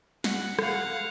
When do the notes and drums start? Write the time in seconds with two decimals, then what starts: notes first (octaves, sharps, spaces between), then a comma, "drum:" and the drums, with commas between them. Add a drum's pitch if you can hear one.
0.24 F#5, drum: snare
0.59 F5 F#5, drum: rim click